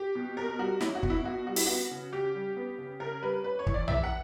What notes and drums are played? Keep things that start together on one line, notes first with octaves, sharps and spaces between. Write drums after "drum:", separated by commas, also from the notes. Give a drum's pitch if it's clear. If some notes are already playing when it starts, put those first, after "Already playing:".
Already playing: G4
B2
B2 A#4
G3 F#4
C#4 E4, drum: snare
F#4
B2, drum: kick
E4
B2 F#4
G3 F#4
E4, drum: open hi-hat
B3 F#4
C#3
C#3 G4
G3
B3
C#3
C#3 A#4
G3 B4
C#4 B4
C#5
E3, drum: kick
D5
E3 E5, drum: tom A#1
F#5